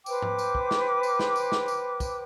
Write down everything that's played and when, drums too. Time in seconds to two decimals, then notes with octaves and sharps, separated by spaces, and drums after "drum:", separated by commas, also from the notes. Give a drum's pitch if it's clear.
0.06 B4 C5 G5 D6, drum: tambourine
0.22 drum: tom G#2
0.39 drum: tambourine
0.55 drum: kick
0.71 drum: snare
1.03 drum: tambourine
1.19 drum: snare
1.36 drum: tambourine
1.52 drum: snare
1.68 drum: tambourine
2.00 drum: kick, tambourine